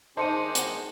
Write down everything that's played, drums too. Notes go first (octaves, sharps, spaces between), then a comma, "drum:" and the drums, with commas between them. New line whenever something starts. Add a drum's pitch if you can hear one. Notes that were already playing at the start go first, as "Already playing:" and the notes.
D#3 D4 D#4 G#4 C5 A5 C#7 D#7
drum: hi-hat